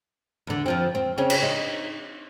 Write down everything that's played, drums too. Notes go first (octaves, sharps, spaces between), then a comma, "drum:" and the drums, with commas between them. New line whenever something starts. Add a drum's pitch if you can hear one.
E2 D3
F2 F3 C4
C4
C#3 C4 C#4
drum: cymbal
D#4